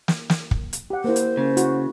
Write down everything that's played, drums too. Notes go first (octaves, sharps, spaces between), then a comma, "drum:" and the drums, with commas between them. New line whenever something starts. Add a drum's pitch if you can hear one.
drum: snare
drum: snare
drum: kick
drum: hi-hat
G4 F#5
A#3 E4 C5
drum: hi-hat
C#3 A#3
E4 F#4, drum: hi-hat